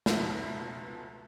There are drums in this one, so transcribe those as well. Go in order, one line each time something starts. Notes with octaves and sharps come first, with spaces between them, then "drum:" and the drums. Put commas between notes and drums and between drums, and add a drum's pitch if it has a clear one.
F1 C#2 B2 F3 E5, drum: snare